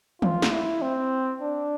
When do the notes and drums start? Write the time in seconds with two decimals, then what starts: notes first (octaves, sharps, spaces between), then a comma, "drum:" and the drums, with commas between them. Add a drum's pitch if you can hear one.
0.22 F4, drum: tom
0.42 drum: snare
0.52 E4
0.82 C4
1.42 D4